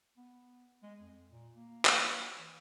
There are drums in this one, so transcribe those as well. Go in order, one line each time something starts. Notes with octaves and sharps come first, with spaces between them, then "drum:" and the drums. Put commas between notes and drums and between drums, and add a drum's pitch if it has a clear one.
B3
G#3
F2
A#2
A#3
drum: clap
E3